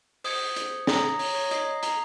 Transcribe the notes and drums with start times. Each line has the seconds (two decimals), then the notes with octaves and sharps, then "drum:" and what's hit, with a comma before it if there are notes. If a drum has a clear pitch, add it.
0.24 C5 D#6 G#6 C#7, drum: open hi-hat
0.56 C5, drum: hi-hat
0.87 A#5 D#6 A#6, drum: snare
1.19 C#5, drum: open hi-hat
1.35 C#5
1.51 D#5 D#6 G#6 C7, drum: hi-hat
1.83 A#5, drum: hi-hat